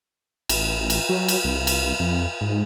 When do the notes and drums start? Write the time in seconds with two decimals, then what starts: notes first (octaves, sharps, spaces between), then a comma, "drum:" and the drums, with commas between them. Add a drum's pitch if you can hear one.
0.49 A1, drum: cymbal
0.90 drum: cymbal
1.09 F#3
1.28 drum: cymbal
1.44 C2
1.67 drum: cymbal
2.00 F2
2.41 G#2